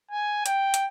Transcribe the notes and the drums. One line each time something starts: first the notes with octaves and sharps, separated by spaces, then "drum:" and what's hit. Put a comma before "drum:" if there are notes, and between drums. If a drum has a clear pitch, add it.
G#5
G5, drum: hi-hat
drum: hi-hat